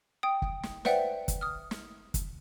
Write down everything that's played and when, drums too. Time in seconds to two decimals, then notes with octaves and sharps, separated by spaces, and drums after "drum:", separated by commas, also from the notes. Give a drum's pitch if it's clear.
0.23 G5 D#6
0.42 drum: kick
0.63 drum: snare
0.85 B4 C5 D5 E5 F#5 G5, drum: snare
1.28 drum: kick, hi-hat
1.41 D#6 F6
1.71 drum: snare
2.14 drum: kick, hi-hat